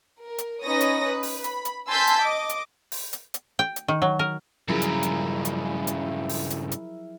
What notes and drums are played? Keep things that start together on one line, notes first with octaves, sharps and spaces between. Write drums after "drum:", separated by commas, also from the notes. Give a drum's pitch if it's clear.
A#4
drum: hi-hat
C#4 D#4 B4 C#5 D#6 A#6
drum: hi-hat
B4
drum: open hi-hat
B5, drum: hi-hat
drum: hi-hat
G#5 A5 C6 E6 G6 B6
drum: hi-hat
D#5 D6
drum: hi-hat
drum: open hi-hat
drum: hi-hat
drum: hi-hat
G5
drum: hi-hat
D#3
F#3
A#4
G2 C#3 F3 F#3 E4 G#4 A#4
drum: hi-hat
drum: hi-hat
drum: hi-hat
drum: hi-hat
drum: open hi-hat
drum: hi-hat
drum: hi-hat